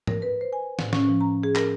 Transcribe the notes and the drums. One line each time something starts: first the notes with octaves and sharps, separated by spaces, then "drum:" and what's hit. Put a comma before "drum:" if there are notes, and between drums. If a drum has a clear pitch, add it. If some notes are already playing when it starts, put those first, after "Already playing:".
A#4, drum: tom G#2
B4
C5
G#5
A2, drum: snare
C#4, drum: snare
F3
A#5
G#4
A#4, drum: clap